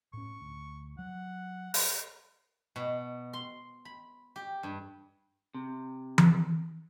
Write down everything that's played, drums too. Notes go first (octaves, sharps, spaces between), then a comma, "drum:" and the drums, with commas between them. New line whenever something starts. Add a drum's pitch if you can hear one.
A2 C#4 C#6
D2
F#3 F#5
A#4, drum: open hi-hat
B2
C6
B5
G4
G2
C3
drum: tom E3